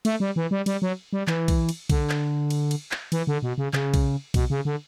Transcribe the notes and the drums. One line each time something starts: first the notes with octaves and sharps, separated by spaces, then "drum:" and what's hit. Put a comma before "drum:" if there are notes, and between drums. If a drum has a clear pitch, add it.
A3, drum: cymbal
G3
E3
G3
G3, drum: cymbal
F#3
G3
E3, drum: clap
drum: kick B1, cymbal
drum: cymbal
D3, drum: kick B1, cymbal
drum: clap
drum: cymbal
drum: cymbal
drum: clap
E3, drum: cymbal
D3
B2
C#3
C#3, drum: clap
drum: kick B1, cymbal
B2, drum: kick B1, cymbal
C#3
D3